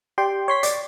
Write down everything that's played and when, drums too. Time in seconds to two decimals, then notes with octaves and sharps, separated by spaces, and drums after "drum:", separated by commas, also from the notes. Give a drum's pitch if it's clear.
0.18 G4 D5 G5 C6
0.48 C#5 C6 B6
0.63 D5, drum: hi-hat